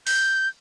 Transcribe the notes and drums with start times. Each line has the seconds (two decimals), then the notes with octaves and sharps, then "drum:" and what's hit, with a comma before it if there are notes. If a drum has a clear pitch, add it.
0.07 G6, drum: open hi-hat